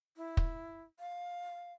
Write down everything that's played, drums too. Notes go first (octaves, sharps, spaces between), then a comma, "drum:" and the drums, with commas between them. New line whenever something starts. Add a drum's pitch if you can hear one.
E4
drum: kick
F5